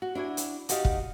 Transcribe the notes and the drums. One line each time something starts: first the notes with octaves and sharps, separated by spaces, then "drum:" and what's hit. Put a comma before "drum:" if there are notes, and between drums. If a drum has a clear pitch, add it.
F#4
D4 E4 F#4 G#5
drum: hi-hat
D#4 F#4 G4 D5 D#5 F5, drum: hi-hat
drum: kick